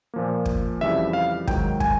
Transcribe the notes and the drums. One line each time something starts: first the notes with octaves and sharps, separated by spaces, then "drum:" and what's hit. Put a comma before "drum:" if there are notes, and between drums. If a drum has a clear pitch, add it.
A#2 F3 A#3
drum: kick
F2 C#3 E3 G3 E5
F5
G#2 D#3 F#3 G5, drum: kick
G#5, drum: kick